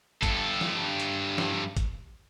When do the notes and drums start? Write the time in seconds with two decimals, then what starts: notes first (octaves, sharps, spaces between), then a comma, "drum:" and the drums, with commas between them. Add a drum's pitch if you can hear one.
0.23 G2 A4, drum: kick, hi-hat
0.61 drum: snare
1.00 drum: hi-hat
1.38 drum: snare
1.77 drum: kick, hi-hat